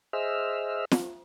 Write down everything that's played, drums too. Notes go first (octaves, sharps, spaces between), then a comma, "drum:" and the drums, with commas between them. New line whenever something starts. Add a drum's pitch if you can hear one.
G#4 C5 D#5 E5 E6 F6
drum: snare